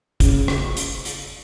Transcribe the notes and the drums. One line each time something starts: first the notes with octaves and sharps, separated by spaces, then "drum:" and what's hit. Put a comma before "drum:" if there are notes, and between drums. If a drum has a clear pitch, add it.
C#3, drum: kick, hi-hat
drum: rim click
drum: hi-hat
drum: hi-hat